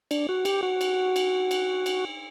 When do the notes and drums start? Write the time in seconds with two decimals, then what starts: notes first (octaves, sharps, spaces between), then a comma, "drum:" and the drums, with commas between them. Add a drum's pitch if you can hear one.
0.11 D4, drum: cymbal
0.29 F#4
0.45 G4, drum: cymbal
0.63 F#4
0.81 drum: cymbal
1.16 drum: cymbal
1.51 drum: cymbal
1.86 drum: cymbal